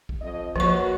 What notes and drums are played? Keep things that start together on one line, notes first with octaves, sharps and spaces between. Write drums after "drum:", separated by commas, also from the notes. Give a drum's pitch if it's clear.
drum: kick
F2 D#5
F3 A#3 F#4 B4 C#5 C#6, drum: kick